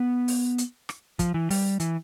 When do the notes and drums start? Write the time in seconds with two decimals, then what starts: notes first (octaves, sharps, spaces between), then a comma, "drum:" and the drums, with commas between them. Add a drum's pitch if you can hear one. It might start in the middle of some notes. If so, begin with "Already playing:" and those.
Already playing: B3
0.28 drum: open hi-hat
0.58 drum: hi-hat
0.89 drum: rim click
1.19 F3, drum: kick, hi-hat
1.34 E3
1.50 G3, drum: open hi-hat
1.80 E3, drum: hi-hat